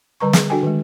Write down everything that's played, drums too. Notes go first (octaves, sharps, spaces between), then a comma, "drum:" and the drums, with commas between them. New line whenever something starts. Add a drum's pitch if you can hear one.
D3 G3 B4 A#5 C#6
G#4, drum: snare
D4 F#4 A4 G5 G#5
D#3 G#3